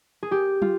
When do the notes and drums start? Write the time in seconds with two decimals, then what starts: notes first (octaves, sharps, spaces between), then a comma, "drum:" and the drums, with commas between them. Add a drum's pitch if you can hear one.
0.23 G#4
0.31 G4
0.62 F4, drum: tom